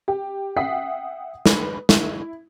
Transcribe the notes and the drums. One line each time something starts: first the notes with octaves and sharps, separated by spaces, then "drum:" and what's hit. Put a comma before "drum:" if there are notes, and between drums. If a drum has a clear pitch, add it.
G4
E5 F#5 G5 D#6 B6 C7
B4, drum: snare
E4, drum: snare